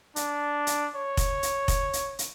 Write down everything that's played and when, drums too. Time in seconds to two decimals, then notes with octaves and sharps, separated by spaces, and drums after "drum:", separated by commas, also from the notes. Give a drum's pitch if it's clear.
0.16 D4, drum: hi-hat
0.67 drum: hi-hat
0.96 C#5
1.17 drum: kick F1, hi-hat
1.43 drum: hi-hat
1.68 drum: kick F1, hi-hat
1.93 drum: hi-hat
2.19 drum: hi-hat